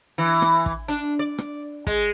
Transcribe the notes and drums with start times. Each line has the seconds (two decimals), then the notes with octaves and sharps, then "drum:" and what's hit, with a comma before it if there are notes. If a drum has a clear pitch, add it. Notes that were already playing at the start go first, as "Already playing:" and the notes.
0.18 E3
0.42 drum: rim click
0.66 drum: kick
0.88 D4, drum: hi-hat
1.19 D5
1.38 drum: rim click
1.87 G#3, drum: kick, hi-hat